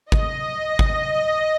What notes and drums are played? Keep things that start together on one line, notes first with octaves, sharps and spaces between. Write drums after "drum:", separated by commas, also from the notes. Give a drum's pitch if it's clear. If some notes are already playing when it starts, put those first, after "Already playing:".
D#5, drum: kick G#1
drum: kick G#1